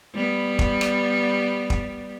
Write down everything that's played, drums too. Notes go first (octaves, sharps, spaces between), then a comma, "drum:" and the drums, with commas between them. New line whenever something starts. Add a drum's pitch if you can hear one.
G3 B3
drum: kick
drum: rim click
drum: kick